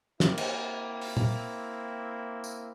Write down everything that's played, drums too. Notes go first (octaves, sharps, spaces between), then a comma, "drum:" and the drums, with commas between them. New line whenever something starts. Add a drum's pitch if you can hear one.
A#3 C4 E4, drum: snare
drum: cymbal
drum: open hi-hat
drum: tom
drum: tambourine